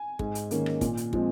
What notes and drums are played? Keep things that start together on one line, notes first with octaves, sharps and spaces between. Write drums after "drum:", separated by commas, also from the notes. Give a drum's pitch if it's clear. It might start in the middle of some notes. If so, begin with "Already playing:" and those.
Already playing: G#5
G#2, drum: kick
drum: hi-hat
D#3 A#3 C#4, drum: hi-hat
drum: rim click
A#2, drum: kick, hi-hat
drum: hi-hat
F3 G#3 C4, drum: kick